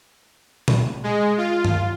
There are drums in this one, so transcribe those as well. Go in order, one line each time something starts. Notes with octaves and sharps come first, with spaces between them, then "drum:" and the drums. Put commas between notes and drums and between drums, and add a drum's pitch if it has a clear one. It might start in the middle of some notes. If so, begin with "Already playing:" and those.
drum: tom A#2
G#3
F4
drum: tom G2